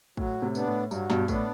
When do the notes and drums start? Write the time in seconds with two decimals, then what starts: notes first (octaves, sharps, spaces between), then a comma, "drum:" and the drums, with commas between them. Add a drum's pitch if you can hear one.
0.17 A2 F#3, drum: kick
0.42 A2 C3
0.55 B3 D4, drum: tambourine
0.67 A2
0.91 G2 F#3, drum: tambourine
1.10 G2 B2, drum: snare
1.28 A2 B3 D4, drum: kick, tambourine